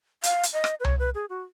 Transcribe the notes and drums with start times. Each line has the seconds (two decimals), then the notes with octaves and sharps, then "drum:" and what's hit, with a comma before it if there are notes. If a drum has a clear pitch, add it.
0.23 F5, drum: hi-hat
0.43 drum: hi-hat
0.53 D#5
0.64 drum: rim click
0.80 B4
0.84 C#5, drum: tom C2
0.99 B4
1.15 G#4
1.30 F#4